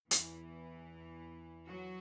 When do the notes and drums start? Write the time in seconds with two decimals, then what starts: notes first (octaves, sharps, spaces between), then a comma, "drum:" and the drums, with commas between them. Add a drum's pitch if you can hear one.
0.11 E2 E3, drum: hi-hat
1.68 F#3 F#4